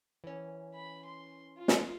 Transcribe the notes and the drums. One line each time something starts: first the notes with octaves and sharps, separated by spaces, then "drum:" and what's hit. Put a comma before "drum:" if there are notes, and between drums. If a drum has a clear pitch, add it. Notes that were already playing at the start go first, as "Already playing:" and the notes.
E3 C#4
B5
C6
F4
drum: snare